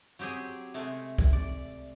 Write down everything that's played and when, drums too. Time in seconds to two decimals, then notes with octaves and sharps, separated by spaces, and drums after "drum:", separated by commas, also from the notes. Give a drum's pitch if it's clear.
0.19 F#3 C4 G4 G#4
0.74 C3 G#3 A3
1.18 drum: kick
1.33 D5